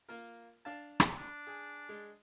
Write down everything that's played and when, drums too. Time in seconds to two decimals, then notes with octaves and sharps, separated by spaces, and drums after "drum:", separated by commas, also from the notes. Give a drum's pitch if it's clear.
0.09 A#3 F4 A#4
0.65 D4 F5 A5
1.00 drum: rim click
1.19 D4
1.47 G#4
1.89 G#3